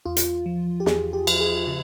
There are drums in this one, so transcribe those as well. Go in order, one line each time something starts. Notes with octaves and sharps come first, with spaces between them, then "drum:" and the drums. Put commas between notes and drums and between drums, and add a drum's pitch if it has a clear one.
E2 F4
drum: hi-hat
F3
G4
E2 G#4, drum: snare
G4
F3, drum: cymbal
G#4
C#3